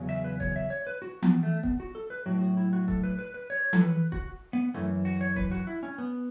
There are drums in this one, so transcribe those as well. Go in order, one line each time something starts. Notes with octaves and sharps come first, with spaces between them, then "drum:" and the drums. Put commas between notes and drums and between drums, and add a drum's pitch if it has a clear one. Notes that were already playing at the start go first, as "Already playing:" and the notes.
Already playing: E2 C#3 F#3
E5
B4
C#5, drum: kick
E5
C#5
B4
F#4
B3, drum: tom E3
A3
B3, drum: kick
F#4
A4
B4
A2 F#3 F#4
F#4
E4
F#4
A4, drum: kick
B4
B4
B4
C#5
A4, drum: tom E3
B4
F#4, drum: kick
B3
F#2 E3 A3
F#4
C#5
B4, drum: kick
F#4
E4
C#4
B3